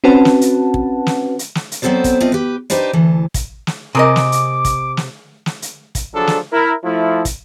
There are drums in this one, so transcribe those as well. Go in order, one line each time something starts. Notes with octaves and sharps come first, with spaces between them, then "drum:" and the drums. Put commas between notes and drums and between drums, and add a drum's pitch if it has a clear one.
C4 C#4 F#4 B4 F#5 A5
drum: snare
drum: hi-hat
drum: kick
drum: snare
drum: hi-hat
drum: snare
drum: hi-hat
F#3 B3 C4 A4 C5 D5
drum: kick, hi-hat
A3 C4 F4 D5 D#5
G4 B4
D4 D#4 G4 B4 C5 D5, drum: hi-hat
D2 E3 A4
drum: kick, hi-hat
drum: snare
C3 G#4 A#4 D#5 D6
drum: snare
drum: hi-hat
drum: kick, hi-hat
drum: snare
drum: snare
drum: hi-hat
drum: kick, hi-hat
D3 F3 F#3 D4 G#4 A4
drum: snare
E4 A#4
F3 A3 E4
drum: kick, hi-hat